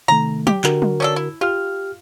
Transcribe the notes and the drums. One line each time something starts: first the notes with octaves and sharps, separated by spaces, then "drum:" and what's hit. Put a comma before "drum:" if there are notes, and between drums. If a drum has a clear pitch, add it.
C3 D#3 A3 A#5
G4, drum: tom F#3
D3 F#4 A#4, drum: clap
drum: tom F#3
C#4 D4 A4
E4
F4 G4 F6